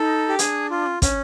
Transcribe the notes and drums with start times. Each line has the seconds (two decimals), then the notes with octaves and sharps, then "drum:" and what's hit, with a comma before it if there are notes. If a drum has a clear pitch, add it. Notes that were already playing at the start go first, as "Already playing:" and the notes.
Already playing: D#4 A4
0.29 G4
0.39 D4 G#4, drum: hi-hat
0.70 F4
0.86 C#4
1.02 C#4 D4, drum: kick, hi-hat